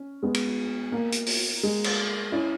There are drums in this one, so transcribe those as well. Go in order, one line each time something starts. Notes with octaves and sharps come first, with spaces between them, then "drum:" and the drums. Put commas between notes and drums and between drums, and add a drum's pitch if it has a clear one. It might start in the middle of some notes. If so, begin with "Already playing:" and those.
Already playing: C#4
G#3 B3
drum: cymbal
A#3
drum: hi-hat
drum: open hi-hat
G#3
drum: cymbal
C#4 E4